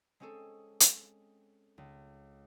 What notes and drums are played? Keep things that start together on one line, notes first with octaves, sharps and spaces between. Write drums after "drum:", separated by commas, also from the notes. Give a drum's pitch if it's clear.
G#3 C4 C#4 G#4 A4
drum: hi-hat
C#2